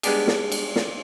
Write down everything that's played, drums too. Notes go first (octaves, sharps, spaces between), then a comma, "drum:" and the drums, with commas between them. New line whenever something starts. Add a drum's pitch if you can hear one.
G3 G#3 B3 D4 G4 G#4, drum: cymbal
drum: snare
drum: cymbal
drum: snare